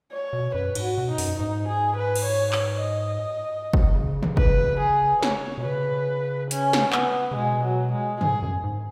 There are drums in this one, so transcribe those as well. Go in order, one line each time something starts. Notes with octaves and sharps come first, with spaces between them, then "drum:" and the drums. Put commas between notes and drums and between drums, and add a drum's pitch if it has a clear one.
C#5
B2
F#2 B4
G#2, drum: cymbal
F#4
B2
D#4
F#2, drum: open hi-hat
G#2 D#4
G#4
B4
drum: cymbal
C#5
C#5, drum: clap
D#5
drum: kick
C#3
drum: tom
B4, drum: kick
G#4
C#5, drum: snare
B2
C#3 B4
C#4, drum: hi-hat
drum: snare
B3, drum: clap
C#3
B2 G#3
F#3
G#3
G#2 G#4, drum: tom
F#2
G#2